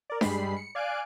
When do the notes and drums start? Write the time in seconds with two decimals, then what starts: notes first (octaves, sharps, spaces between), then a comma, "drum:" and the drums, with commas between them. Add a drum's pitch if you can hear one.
0.10 A#4 D5
0.21 G2 G3 G#3 B5 C7, drum: snare D4
0.56 C#7
0.75 D5 F5 G#5 F#6 D7